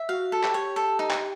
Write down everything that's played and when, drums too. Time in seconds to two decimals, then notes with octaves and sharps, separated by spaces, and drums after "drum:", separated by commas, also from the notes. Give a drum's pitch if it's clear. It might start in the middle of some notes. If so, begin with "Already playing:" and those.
Already playing: E5
0.09 F#4 F5
0.32 A4
0.43 G4, drum: clap
0.54 C#5
0.76 A4
0.99 D#4
1.11 drum: clap